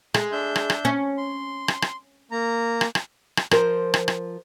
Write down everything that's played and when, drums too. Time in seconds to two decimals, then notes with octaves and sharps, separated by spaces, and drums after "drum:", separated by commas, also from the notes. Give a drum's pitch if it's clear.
0.14 G#3, drum: rim click
0.32 D4 E5 G6
0.56 drum: rim click
0.70 drum: rim click
0.85 C#4
1.18 C6
1.68 drum: rim click
1.82 drum: rim click
2.31 A#3 A#5
2.81 drum: rim click
2.95 drum: rim click
3.37 drum: rim click
3.51 F3 A#4 C5, drum: rim click
3.94 drum: rim click
4.08 drum: rim click